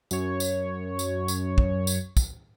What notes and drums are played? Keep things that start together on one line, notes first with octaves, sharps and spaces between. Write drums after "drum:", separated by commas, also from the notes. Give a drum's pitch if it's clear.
F#2 C#5, drum: tambourine
drum: tambourine
drum: tambourine
drum: tambourine
drum: kick
drum: tambourine
drum: kick, tambourine